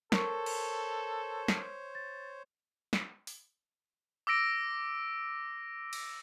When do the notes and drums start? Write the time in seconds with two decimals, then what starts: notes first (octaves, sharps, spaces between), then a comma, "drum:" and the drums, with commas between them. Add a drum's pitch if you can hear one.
0.12 A4 A#4 C5 C#5 C#6, drum: snare
0.46 drum: cymbal
1.48 drum: snare
1.95 A6
2.93 drum: snare
3.27 drum: open hi-hat
4.27 D6 E6 A#6 D7
5.93 drum: cymbal